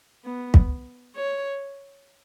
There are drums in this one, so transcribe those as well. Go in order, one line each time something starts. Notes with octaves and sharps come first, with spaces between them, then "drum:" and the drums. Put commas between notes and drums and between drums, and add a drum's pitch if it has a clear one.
B3
drum: kick
C#5